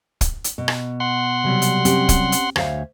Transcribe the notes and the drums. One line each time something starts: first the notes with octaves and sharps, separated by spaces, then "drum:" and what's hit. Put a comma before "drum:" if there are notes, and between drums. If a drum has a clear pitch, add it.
drum: kick, hi-hat
drum: hi-hat
B2
drum: rim click
F#5 C6
C3 F#3 G3
drum: hi-hat
C4 C#4 G4, drum: hi-hat
drum: kick, hi-hat
drum: hi-hat
D2 C5 C#5 E5 F5, drum: rim click